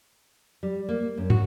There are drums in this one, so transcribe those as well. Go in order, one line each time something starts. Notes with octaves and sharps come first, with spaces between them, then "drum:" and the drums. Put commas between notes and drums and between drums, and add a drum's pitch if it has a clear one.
G3
A#3
F#2
F#4, drum: tom